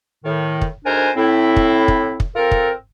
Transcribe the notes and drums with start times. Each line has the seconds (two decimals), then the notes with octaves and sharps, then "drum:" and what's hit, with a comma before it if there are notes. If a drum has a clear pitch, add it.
0.25 A2 D#3
0.61 drum: kick
0.85 D2 G#2 D4 A#4 C5 G#5
1.16 A2 C4 E4
1.56 drum: kick
1.88 drum: kick
2.20 drum: kick
2.36 C4 F4 A4 A#4
2.51 drum: kick